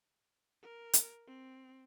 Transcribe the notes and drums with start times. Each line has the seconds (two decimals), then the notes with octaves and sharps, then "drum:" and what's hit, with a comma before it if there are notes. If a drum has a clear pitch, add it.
0.62 A#4
0.93 drum: hi-hat
1.27 C4